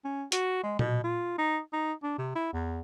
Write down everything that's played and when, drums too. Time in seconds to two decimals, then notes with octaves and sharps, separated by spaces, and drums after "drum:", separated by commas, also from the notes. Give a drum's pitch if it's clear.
0.04 C#4
0.32 F#4, drum: hi-hat
0.63 G#3
0.79 B2, drum: tom A#2
1.04 F4
1.38 D#4
1.73 D#4
2.03 D4
2.18 C3
2.35 E4
2.53 E2